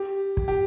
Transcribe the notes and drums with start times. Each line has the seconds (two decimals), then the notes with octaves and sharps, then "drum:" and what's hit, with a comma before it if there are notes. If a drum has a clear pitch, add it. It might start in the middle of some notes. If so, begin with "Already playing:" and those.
Already playing: G4
0.37 drum: kick
0.48 G4